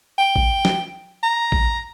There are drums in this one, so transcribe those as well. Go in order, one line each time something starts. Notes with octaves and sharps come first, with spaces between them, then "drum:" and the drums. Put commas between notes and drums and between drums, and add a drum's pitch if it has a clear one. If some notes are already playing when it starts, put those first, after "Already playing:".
G5
drum: kick A1
drum: snare
A#5
drum: kick A1